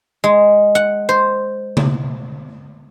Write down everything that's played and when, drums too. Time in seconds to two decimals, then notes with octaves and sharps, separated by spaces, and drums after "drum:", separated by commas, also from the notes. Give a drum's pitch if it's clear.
0.24 G#3
0.75 F#5
1.09 C5
1.77 drum: tom C#3